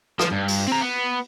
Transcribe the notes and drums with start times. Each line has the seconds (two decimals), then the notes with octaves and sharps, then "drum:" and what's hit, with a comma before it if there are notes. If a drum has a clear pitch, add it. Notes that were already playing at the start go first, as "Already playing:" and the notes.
0.19 F3, drum: rim click
0.32 G2
0.48 drum: open hi-hat
0.68 C4 A#5
0.81 B3